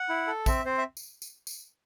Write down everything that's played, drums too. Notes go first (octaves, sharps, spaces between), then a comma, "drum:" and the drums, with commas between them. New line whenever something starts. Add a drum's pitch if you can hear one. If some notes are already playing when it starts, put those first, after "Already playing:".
Already playing: F#5
E4
A4
C4 E5, drum: kick, tambourine
C4 C5
E5
drum: tambourine
drum: tambourine
drum: tambourine